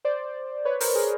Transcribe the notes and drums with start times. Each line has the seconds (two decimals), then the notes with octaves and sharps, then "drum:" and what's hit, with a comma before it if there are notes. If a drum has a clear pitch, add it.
0.05 C5 D5
0.65 B4 C#5
0.80 A#4 C5, drum: open hi-hat
0.95 G#4 A#4